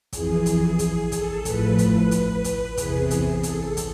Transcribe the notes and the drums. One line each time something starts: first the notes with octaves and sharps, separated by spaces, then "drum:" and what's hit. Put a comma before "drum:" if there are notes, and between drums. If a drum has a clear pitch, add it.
F2 E3 G#4, drum: kick, hi-hat
drum: kick, hi-hat
drum: kick, hi-hat
A4, drum: kick, hi-hat
A2 F3 B4, drum: kick, hi-hat
B4, drum: kick, hi-hat
drum: kick, hi-hat
drum: kick, hi-hat
E2 C3 E3 G#4, drum: kick, hi-hat
drum: kick, hi-hat
A4, drum: kick, hi-hat
drum: kick, hi-hat